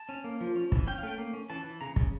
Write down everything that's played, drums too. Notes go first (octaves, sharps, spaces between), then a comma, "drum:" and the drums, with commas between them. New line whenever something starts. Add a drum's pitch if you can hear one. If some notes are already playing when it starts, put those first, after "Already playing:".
Already playing: A5
C#4
A#3
F3
C#4
E3, drum: kick
C#4 G5
F5
A3 G5
A#3
C#4
E3 A5
E3
C#3 A#5
C#3, drum: kick